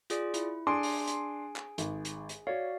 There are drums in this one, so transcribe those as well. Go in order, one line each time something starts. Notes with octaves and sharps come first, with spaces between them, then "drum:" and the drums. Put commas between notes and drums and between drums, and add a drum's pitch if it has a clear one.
F4 G#4 D5, drum: hi-hat
E4, drum: hi-hat
D4 G#4 G#5 C6 D7
drum: open hi-hat
drum: hi-hat
drum: clap
G#1, drum: hi-hat
drum: hi-hat
drum: hi-hat
F#4 C#5 D5 F5